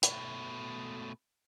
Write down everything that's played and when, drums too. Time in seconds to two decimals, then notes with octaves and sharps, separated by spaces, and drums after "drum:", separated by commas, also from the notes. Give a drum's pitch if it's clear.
0.03 B2 A3, drum: hi-hat